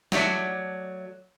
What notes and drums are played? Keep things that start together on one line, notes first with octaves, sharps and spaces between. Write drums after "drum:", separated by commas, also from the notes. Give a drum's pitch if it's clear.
F#3 A3 D5 E5, drum: snare